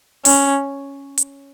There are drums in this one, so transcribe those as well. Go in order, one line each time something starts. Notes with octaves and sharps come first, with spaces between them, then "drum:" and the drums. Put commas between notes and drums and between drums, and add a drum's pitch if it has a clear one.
C#4, drum: open hi-hat
drum: hi-hat